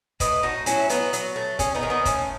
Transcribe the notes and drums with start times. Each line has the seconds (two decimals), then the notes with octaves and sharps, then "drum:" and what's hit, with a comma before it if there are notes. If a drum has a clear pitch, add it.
0.20 A2 B4 D#5, drum: kick, hi-hat
0.43 A2 D#4 F#4
0.66 F#3 C#4 E4, drum: hi-hat
0.89 F#3 B3 D#4, drum: hi-hat
1.13 F#3 B3, drum: hi-hat
1.36 A3
1.59 G#3 C#4, drum: kick, hi-hat
1.74 B3 D#4
1.83 D#3
1.90 B3 D#4
2.05 A2 C#4, drum: kick, hi-hat